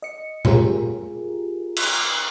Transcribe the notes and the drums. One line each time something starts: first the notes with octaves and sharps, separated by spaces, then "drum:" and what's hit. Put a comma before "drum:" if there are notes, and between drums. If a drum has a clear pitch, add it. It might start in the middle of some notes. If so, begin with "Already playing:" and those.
D#5 C#7
F4 G4 G#4 A#4, drum: tom A#2
drum: cymbal